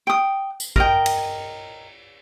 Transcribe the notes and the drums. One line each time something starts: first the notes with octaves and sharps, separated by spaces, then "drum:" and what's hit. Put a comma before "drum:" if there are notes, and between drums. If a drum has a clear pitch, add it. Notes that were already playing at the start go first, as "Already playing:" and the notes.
G5 D#6
drum: tambourine
A#4 D#5 G5, drum: kick
drum: cymbal